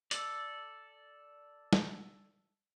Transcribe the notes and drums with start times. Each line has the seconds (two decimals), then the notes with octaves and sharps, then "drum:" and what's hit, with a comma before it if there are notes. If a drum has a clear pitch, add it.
0.11 A4 D5, drum: hi-hat
1.73 drum: snare